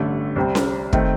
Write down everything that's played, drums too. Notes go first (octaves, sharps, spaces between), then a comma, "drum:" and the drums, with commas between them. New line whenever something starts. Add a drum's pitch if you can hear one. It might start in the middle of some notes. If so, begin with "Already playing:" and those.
Already playing: A1 G2 D3 A3
C2 C3 G3 C4
drum: snare C#4
D#3 A3 C4, drum: kick